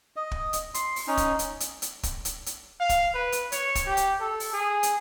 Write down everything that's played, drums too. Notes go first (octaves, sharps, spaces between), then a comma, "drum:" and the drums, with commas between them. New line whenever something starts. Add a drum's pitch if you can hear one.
D#5
drum: kick
drum: hi-hat
C6, drum: hi-hat
drum: open hi-hat
C#4 D#4
drum: kick, hi-hat
drum: hi-hat
drum: hi-hat
drum: hi-hat
drum: kick, hi-hat
drum: hi-hat
drum: hi-hat
F5
drum: kick, hi-hat
B4
drum: hi-hat
C#5, drum: hi-hat
drum: kick, hi-hat
G4
drum: hi-hat
A4
drum: open hi-hat
G#4
drum: hi-hat